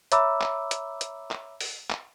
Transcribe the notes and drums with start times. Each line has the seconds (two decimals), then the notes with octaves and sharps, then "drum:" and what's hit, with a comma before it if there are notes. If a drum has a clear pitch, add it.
0.12 C#5 E5 A#5 B5 D6 E6, drum: hi-hat
0.41 drum: clap
0.71 drum: hi-hat
1.01 drum: hi-hat
1.31 drum: clap
1.61 drum: open hi-hat
1.90 drum: clap